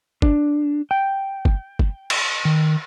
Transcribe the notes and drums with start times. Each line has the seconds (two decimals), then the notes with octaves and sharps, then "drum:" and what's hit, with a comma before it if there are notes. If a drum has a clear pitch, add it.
0.22 D4, drum: kick
0.91 G5
1.45 drum: kick
1.79 drum: kick
2.10 drum: cymbal
2.45 D#3